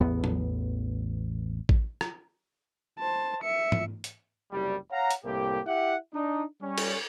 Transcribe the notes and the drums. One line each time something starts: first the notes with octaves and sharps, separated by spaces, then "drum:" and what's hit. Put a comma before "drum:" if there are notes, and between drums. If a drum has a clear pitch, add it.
A1 E2 B3
drum: tom
drum: kick A1
drum: rim click
C5 A5
E5 C#7
drum: tom G#2
drum: hi-hat
F#1 C2 G3
C#5 F5 F#5 A#5
drum: hi-hat
C2 A2 A#3 G4
E4 G4 E5 F#5
D4 D#4
G3 C#4
drum: cymbal